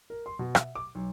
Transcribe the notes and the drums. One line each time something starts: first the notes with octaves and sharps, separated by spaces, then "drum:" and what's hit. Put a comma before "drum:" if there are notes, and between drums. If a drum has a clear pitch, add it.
A#4
C6
B2
E5, drum: rim click
D6
B1